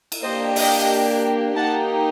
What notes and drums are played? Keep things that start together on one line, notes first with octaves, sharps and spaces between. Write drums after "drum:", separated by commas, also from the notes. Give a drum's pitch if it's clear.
drum: cymbal
A#3 D4 G4 C5 D#5
D#5 G5, drum: open hi-hat
A#3 D#4 G4 F#5 A5